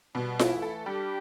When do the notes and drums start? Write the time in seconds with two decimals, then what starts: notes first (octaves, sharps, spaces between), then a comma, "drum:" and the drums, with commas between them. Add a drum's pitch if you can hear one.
0.15 B2 G3 B3
0.39 E4, drum: snare F4
0.51 E3 A3
0.62 A4
0.86 G3 D4 G4